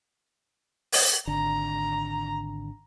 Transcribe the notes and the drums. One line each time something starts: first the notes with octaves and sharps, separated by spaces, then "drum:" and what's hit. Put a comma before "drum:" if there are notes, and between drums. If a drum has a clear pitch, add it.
drum: open hi-hat
G#1 D3 A#5